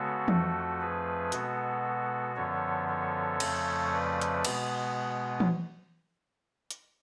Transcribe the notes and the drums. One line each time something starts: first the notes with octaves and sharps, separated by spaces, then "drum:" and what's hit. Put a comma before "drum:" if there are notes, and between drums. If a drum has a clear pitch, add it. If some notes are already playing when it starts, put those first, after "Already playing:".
Already playing: C#3 G#3 B3 F#4 A4
F2 F3 A3, drum: tom E3
G#4 B4
B2 G#3 B3 F#4 A4, drum: hi-hat
F#2 D3 F3 B3 A4 C#5
A4 C#5
F2 C#3 F3 A3, drum: cymbal
B4 D5
drum: hi-hat
B2 G#3 B3, drum: cymbal
drum: tom E3
drum: hi-hat